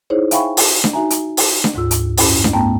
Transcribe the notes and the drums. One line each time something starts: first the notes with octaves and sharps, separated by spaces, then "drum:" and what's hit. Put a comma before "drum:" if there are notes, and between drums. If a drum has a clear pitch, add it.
D#4 E4 G#4 C5 C#5
E5 F5 G5 G#5 B5 C#6, drum: hi-hat
drum: open hi-hat
drum: snare D4
D#4 F#4 E5 G#5 A#5
drum: hi-hat
drum: open hi-hat
drum: snare D4
D2 G#2 F4 E6
drum: hi-hat
F#2 C#4 E4 B5, drum: open hi-hat
drum: snare D4
G#2 A3 B3 G5 A5 A#5